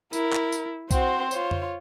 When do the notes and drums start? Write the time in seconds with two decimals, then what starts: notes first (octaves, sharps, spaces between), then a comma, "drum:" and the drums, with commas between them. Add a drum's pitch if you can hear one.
0.13 E4 A#4, drum: tambourine
0.33 drum: clap
0.52 drum: tambourine
0.91 C4 F#4 C5 C6, drum: kick B1, tambourine
1.31 F4 C#5, drum: tambourine
1.51 drum: tom F2